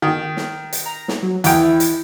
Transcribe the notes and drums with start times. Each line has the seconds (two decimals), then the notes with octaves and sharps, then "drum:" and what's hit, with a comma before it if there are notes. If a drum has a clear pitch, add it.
0.02 D#3
0.37 drum: snare
0.73 drum: hi-hat
0.86 A#5
1.08 drum: snare
1.23 F#3
1.44 E2 E4 G5, drum: hi-hat
1.80 drum: hi-hat